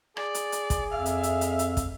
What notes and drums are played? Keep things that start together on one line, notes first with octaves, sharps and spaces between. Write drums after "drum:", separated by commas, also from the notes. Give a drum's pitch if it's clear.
G#4 D5, drum: rim click
drum: hi-hat
drum: hi-hat
drum: kick, hi-hat
F2 E5 F5
drum: hi-hat
drum: hi-hat
drum: hi-hat
drum: hi-hat
drum: kick, hi-hat